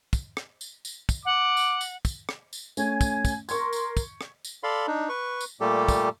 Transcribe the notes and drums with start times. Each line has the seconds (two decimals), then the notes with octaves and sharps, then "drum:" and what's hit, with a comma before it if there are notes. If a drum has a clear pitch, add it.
0.13 drum: kick, tambourine
0.37 drum: rim click
0.61 drum: tambourine
0.85 drum: tambourine
1.09 drum: kick, tambourine
1.25 F#5 D6
1.57 drum: tambourine
1.81 drum: tambourine
2.05 drum: kick, tambourine
2.29 drum: rim click
2.53 drum: tambourine
2.77 A3 C#4 G#5 G#6, drum: tambourine
3.01 drum: kick, tambourine
3.25 drum: kick, tambourine
3.49 A#4 C6 C#6 G#6, drum: tambourine
3.73 drum: tambourine
3.97 drum: kick, tambourine
4.21 drum: rim click
4.45 drum: tambourine
4.63 A4 D5 F5 B5 C6
4.87 D4 D#4
5.09 B4 C#6
5.41 drum: tambourine
5.61 A#2 G3 A3 A#3 G4 A4
5.89 drum: kick, tambourine